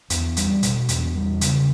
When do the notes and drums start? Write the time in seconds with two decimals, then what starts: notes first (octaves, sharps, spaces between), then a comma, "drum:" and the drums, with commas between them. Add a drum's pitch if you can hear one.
0.10 E2, drum: hi-hat
0.37 G3, drum: hi-hat
0.63 B2, drum: hi-hat
0.89 E2, drum: hi-hat
1.15 G3
1.41 C#3, drum: hi-hat